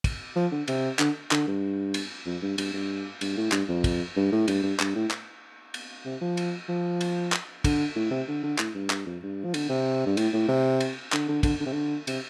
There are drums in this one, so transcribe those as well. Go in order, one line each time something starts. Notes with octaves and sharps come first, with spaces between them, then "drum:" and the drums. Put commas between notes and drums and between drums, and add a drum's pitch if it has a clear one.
drum: kick, cymbal
F3
D3
C3, drum: cymbal
D3, drum: clap
D3, drum: clap
G2
drum: cymbal
F2
G2
G2, drum: cymbal
G2
G2, drum: cymbal
A2
G2, drum: clap
F2
drum: kick, cymbal
G2
A2
G2, drum: cymbal
G2
G2, drum: clap
A2
drum: clap
drum: cymbal
C3
F3
drum: cymbal
F3
drum: cymbal
drum: clap
D3, drum: kick, cymbal
A2
C3
D3
D3
A2, drum: clap
G2
G2, drum: clap
F2
G2
F3
D3, drum: cymbal
C3
G2
A2, drum: cymbal
A2
C3
drum: cymbal
D3, drum: clap
D3
D3, drum: kick, cymbal
D3
C3
D3
C3, drum: cymbal